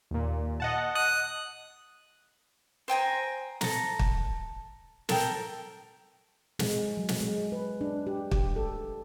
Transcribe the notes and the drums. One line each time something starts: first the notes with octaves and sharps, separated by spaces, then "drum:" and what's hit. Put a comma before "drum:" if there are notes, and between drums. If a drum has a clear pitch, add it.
D#2 A#2
D#5 F#5 A5
D#6 F#6
C5 G5 G#5 A#5
A4 A#5, drum: snare
drum: kick
A4 A#4 G5, drum: snare
G#3, drum: snare
F#3
drum: snare
G#3
B4
D4
G4
G4, drum: kick
A4